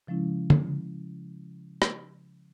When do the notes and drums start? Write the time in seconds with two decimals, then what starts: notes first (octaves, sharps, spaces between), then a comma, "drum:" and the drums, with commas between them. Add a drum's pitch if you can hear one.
0.07 C#3 F3 G#3 C#4 E4
0.50 drum: tom D3
1.82 drum: rim click